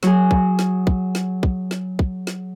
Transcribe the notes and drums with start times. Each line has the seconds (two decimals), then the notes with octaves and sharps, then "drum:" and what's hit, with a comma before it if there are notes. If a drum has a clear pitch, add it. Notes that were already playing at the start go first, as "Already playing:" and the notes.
0.03 F#3 G#4, drum: snare
0.31 drum: kick
0.59 drum: snare
0.87 drum: kick
1.15 drum: snare
1.43 drum: kick
1.71 drum: snare
1.99 drum: kick
2.27 drum: snare